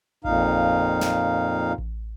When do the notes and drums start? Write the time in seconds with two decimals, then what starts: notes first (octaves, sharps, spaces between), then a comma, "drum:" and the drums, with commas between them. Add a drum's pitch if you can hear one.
0.25 F2 A#2 D#4 F5, drum: kick A1
1.01 drum: snare
1.78 drum: kick A1